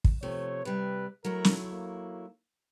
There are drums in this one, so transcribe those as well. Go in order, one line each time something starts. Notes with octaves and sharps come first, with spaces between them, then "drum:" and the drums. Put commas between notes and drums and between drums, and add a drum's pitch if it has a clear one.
drum: kick
C3 F3 A3 C#5
C3 G3 B4
F#3 A3 E4 A#4
drum: snare
A#3